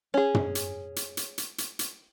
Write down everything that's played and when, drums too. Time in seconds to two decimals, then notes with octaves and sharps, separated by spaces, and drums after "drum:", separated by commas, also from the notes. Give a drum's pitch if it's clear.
0.14 C#4 G#4
0.34 drum: tom
0.55 drum: hi-hat
0.96 drum: hi-hat
1.17 drum: hi-hat
1.38 drum: hi-hat
1.58 drum: hi-hat
1.79 drum: hi-hat